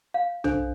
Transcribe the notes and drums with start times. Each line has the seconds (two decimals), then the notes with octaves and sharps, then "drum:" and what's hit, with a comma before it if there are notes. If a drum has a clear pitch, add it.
0.14 F5
0.44 D4 A4 C5, drum: tom B1